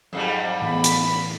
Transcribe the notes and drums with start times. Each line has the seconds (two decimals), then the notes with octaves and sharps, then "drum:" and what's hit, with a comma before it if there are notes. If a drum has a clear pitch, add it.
0.13 F2 G#2 F#3 G3
0.61 A2 E3 B3 B5
0.84 drum: hi-hat